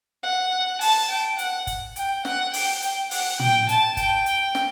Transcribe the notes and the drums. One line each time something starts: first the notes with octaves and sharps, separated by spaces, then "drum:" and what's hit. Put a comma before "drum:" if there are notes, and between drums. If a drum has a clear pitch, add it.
F#5
A5, drum: open hi-hat
G5
F#5, drum: hi-hat
drum: kick, hi-hat
G5, drum: hi-hat
F#5, drum: snare
G5, drum: open hi-hat
G5, drum: hi-hat
F#5, drum: open hi-hat
G5, drum: tom
A5, drum: hi-hat
G5, drum: kick, hi-hat
drum: hi-hat
drum: snare